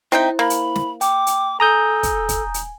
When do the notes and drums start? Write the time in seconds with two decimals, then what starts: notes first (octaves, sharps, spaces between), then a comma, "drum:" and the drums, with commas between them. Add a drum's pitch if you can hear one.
0.12 C4 D#4 E4 C5 E5 G5
0.39 A#3 B5
0.50 drum: hi-hat
0.76 drum: snare
1.01 G5 D6, drum: hi-hat
1.27 drum: hi-hat
1.60 A4 G#5 A#5 D#6 G6
2.03 drum: kick, hi-hat
2.29 drum: kick, hi-hat
2.54 drum: hi-hat